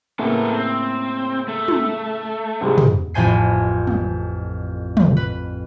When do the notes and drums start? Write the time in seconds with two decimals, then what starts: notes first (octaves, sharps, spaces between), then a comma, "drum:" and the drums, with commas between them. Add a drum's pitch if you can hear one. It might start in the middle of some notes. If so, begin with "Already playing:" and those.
0.19 A2 C#3 A#3 B3 A4
0.54 C4
1.48 A3
1.68 drum: tom
2.61 C2 G#2 G3 G#3
2.78 drum: tom
3.14 A1 F2 A2 C5 G#5 C7
3.87 drum: tom
4.97 drum: tom
5.17 B4